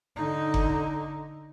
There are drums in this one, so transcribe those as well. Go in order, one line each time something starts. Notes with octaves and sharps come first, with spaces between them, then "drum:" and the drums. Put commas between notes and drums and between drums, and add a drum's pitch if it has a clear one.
D3 D#4
drum: kick F#1